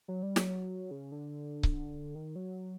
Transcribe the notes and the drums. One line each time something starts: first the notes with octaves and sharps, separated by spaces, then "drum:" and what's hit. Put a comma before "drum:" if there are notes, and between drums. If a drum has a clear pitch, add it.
F#3
G3
F#3, drum: snare
C#3
D3
drum: kick C#1
D#3
F#3